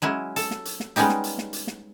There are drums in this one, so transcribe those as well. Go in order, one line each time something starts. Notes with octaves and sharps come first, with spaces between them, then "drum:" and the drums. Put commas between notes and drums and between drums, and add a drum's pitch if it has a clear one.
F#3 G#3 C#4 E4
A4, drum: hi-hat
drum: snare
drum: hi-hat
drum: snare
G3 G#3 B3 C#4 D#4 G4, drum: hi-hat
drum: snare
drum: hi-hat
drum: snare
drum: hi-hat
drum: snare